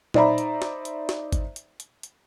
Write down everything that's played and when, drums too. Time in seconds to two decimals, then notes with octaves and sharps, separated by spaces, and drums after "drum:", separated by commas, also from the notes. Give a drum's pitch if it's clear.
0.14 D#4 C5 D5 E5 A#5 B5, drum: tom A#2
0.38 drum: hi-hat
0.62 drum: snare
0.85 drum: hi-hat
1.09 drum: snare
1.32 drum: kick G#1, hi-hat
1.56 drum: hi-hat
1.80 drum: hi-hat
2.03 drum: hi-hat